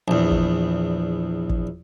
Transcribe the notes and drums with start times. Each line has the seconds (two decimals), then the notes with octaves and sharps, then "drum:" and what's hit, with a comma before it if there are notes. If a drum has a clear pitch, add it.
0.08 A#1 E2
0.31 drum: kick
1.49 drum: kick